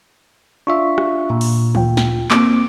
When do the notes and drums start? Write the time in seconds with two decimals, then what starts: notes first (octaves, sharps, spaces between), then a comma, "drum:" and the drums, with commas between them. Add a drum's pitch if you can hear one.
0.67 D4 F4 E5 C#6
0.98 drum: rim click
1.30 A#2
1.41 drum: open hi-hat
1.75 D2 F4 G5, drum: tom D#3
1.97 drum: snare
2.31 A#3 C4 D6, drum: clap